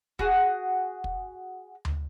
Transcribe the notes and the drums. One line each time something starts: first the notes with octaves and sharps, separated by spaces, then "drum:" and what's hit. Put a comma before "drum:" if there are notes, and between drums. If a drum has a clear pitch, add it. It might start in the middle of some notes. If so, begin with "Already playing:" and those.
F#4 G#4, drum: kick
drum: kick
drum: tom D2